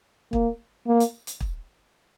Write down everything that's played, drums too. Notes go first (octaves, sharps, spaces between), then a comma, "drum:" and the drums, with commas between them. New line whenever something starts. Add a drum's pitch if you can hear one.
A#3, drum: kick
A#3
drum: hi-hat
drum: hi-hat
drum: kick